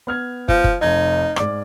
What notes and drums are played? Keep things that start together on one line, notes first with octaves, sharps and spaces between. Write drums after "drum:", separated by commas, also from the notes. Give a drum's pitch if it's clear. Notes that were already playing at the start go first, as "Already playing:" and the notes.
B3 F6 G#6
F3, drum: kick
drum: kick
F1 D#4 G#6
G#2 D5 D6, drum: rim click